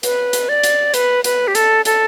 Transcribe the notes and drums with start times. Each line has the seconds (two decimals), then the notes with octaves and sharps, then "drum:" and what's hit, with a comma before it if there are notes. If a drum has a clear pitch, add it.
0.03 B4, drum: hi-hat
0.33 drum: hi-hat
0.49 D5
0.64 drum: hi-hat
0.94 B4, drum: hi-hat
1.24 B4, drum: hi-hat
1.47 G4
1.55 A4, drum: hi-hat
1.85 A4, drum: hi-hat